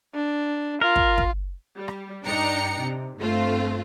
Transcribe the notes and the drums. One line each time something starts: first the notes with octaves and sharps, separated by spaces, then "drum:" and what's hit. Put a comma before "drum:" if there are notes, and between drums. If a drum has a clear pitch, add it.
D4
F4 A#4
drum: kick
drum: kick
G3
drum: rim click
G2 D4 D#4 G5 A#5 C#7
C3
G1 A3 C4 F4 C5